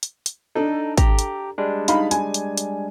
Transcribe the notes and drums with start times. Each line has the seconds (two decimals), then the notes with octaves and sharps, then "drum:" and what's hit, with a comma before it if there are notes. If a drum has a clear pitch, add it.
0.03 drum: hi-hat
0.26 drum: hi-hat
0.55 D4 D#4 A4
0.98 G4 A#5, drum: kick, hi-hat
1.19 drum: hi-hat
1.58 G3 G#3 D4
1.88 D#4 F5 B5, drum: hi-hat
2.11 G#5, drum: hi-hat
2.34 drum: hi-hat
2.58 drum: hi-hat